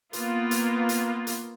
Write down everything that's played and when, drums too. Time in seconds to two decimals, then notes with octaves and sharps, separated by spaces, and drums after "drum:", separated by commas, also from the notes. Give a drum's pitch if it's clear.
0.13 A#3 B3 F4, drum: hi-hat
0.51 drum: hi-hat
0.89 drum: hi-hat
1.27 drum: hi-hat